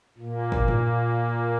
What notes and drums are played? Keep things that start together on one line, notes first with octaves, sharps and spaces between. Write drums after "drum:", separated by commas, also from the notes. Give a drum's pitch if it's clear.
A#2 A#3
drum: kick
drum: tom G2